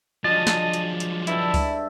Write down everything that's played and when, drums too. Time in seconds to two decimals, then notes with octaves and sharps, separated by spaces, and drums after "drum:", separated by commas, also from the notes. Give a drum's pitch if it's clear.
0.24 F3 F#3 G#3 D4 D#5 A6
0.47 drum: snare
0.74 drum: hi-hat
1.00 drum: hi-hat
1.27 G2 E4 A4 E5, drum: hi-hat
1.54 drum: kick C#2, open hi-hat